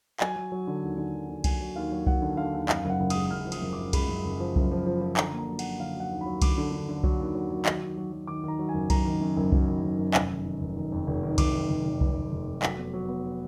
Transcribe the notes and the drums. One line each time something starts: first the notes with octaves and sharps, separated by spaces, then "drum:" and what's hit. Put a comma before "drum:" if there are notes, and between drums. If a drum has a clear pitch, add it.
F#3 G#5, drum: clap
F#3
F#3
D3
D#2
D3
F#3
D3
F#3 G#5, drum: kick C2, cymbal
F#3
D#2 F5
F#3
F#3 F#5, drum: kick C2
D3
D3 F5
D#2
F#2 F5, drum: clap
F#1 F#5
F#1
G#3 D#6, drum: cymbal
D#6
F#2 F6
F3
D#6, drum: cymbal
F#2
F#2 D6
G#3 B5, drum: kick C2, cymbal
F#2
F#1
F3
F#1, drum: kick C2
F3
F3
F3
D3 A#5, drum: clap
A#3
A#5
F#3
F#5, drum: cymbal
F#3
D3 F5
F#3 F#5
D#2
F#3 B5
D3 D6, drum: kick C2, cymbal
D3
D3
D3
F#3, drum: kick C2
D#2
F#3
F#3
D#3, drum: clap
D#3
F#3
F#3
D#3 D6
D#3 A#5
F#3
G#5
F#1
F#1 A#5, drum: kick C2, cymbal
D#3
F#2
F#1
F#3, drum: kick C2
D#3
F#1
F#2
F1, drum: clap
D#3
D#3
F1
D#3
F2
F1
D#3
F1 D6, drum: kick C2, cymbal
D#3
F1
F1
F1, drum: kick C2
F1
F1
F2
F#3 B6, drum: clap
B3
F#3
B3